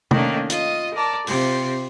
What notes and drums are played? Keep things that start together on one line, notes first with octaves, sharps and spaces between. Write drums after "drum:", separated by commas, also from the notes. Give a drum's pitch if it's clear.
D#3 A3 A#3 C#4 D4, drum: tom
F4 D#5, drum: hi-hat
A#4 D5 A5 A#5
C3 F4 G5 C6, drum: open hi-hat